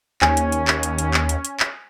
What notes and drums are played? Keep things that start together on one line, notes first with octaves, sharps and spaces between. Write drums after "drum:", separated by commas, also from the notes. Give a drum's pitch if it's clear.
D#2 C#4 G#5, drum: clap
drum: hi-hat
drum: hi-hat
drum: clap
drum: hi-hat
drum: hi-hat
drum: clap
drum: hi-hat
drum: hi-hat
drum: clap